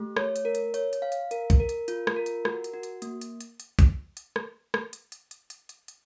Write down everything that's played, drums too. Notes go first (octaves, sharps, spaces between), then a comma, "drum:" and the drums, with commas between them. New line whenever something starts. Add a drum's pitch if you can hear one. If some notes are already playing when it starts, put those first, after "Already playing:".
Already playing: A3 G4
C#5, drum: rim click
drum: hi-hat
A#4
drum: hi-hat
C#5, drum: hi-hat
drum: hi-hat
F5
drum: hi-hat
A#4, drum: hi-hat
drum: kick, hi-hat
A#4
drum: hi-hat
F4, drum: hi-hat
drum: rim click
A#4
drum: hi-hat
F#4, drum: rim click
drum: hi-hat
F#4
drum: hi-hat
A#3, drum: hi-hat
drum: hi-hat
drum: hi-hat
drum: hi-hat
drum: kick, hi-hat
drum: hi-hat
drum: rim click
drum: rim click
drum: hi-hat
drum: hi-hat
drum: hi-hat
drum: hi-hat
drum: hi-hat
drum: hi-hat